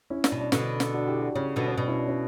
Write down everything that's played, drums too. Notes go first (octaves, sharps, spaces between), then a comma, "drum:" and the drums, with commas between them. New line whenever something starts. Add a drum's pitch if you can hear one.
C#4 E4
D4, drum: snare
B2
D4
B2 D3 D4, drum: snare
drum: snare
D4 F#4
E4 G4
D4 F#4
C#3 C#4
B2 D3
C#4
B2 D4
C#4 E4
D4
C#4 E4